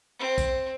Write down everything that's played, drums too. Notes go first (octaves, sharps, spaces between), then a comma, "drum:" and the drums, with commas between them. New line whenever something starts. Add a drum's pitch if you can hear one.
C4
drum: kick A#1, tambourine